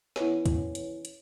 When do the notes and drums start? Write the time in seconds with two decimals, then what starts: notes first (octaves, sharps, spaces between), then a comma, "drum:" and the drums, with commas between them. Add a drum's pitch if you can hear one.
0.16 E3 B3 C#4, drum: snare
0.46 drum: kick, hi-hat
0.75 drum: hi-hat
1.05 drum: hi-hat